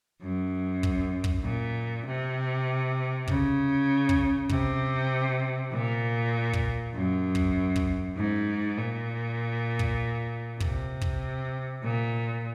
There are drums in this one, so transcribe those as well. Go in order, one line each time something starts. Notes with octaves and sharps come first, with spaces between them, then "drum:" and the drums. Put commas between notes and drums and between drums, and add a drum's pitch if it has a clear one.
F#2
drum: kick
drum: kick
A#2
C3
C#3, drum: kick
drum: kick
C3, drum: kick
A#2
drum: kick
F#2
drum: kick
drum: kick
G#2
A#2
drum: kick
C3, drum: kick
drum: kick
A#2